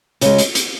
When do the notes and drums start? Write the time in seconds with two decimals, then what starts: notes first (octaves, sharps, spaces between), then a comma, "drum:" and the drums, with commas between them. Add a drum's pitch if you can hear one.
0.21 C#3 G#3, drum: hi-hat
0.38 drum: hi-hat
0.55 drum: hi-hat